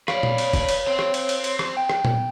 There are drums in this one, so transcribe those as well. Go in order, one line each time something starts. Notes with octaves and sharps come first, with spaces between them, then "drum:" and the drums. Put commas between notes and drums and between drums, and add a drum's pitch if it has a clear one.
B4 C#5 D5 F5, drum: rim click
drum: tom A#2
drum: cymbal
drum: kick, cymbal
drum: cymbal
C4
drum: rim click
drum: cymbal
drum: cymbal
drum: cymbal
drum: rim click
G5
drum: rim click
drum: tom A#2